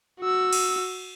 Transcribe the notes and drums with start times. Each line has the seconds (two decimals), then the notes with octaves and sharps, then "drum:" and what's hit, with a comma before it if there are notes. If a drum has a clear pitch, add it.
0.20 F#4 E6
0.53 drum: cymbal